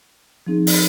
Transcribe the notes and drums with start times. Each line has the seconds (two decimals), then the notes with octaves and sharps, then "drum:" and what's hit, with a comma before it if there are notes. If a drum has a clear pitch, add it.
0.46 F3 C4 D#4 G#4
0.67 drum: open hi-hat